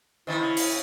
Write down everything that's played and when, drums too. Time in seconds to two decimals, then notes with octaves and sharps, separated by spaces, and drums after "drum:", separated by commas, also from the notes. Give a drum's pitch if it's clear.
0.27 D#3 E3 C4 E4 C5 D#5 E5
0.39 C#3
0.57 drum: open hi-hat